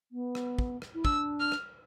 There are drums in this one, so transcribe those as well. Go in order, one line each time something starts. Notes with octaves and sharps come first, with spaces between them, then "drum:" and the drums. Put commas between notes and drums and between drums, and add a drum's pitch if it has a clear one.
B3
drum: rim click
drum: kick
drum: rim click
E4
D4 E6, drum: kick
F6
drum: rim click